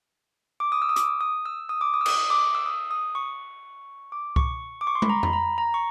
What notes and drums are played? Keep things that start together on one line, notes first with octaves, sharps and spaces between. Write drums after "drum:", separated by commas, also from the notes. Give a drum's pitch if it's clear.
D6
D#6
E6
D#6
D6, drum: hi-hat
D#6
E6
D#6
D6
D#6
E6
D#6, drum: cymbal
D#6
D6
E6
D#6
D#6
C#6
D6
C#6, drum: kick C2
D6
C#6
C6
B5, drum: tom
A#5
B5, drum: tom F2
A#5
A#5
C#6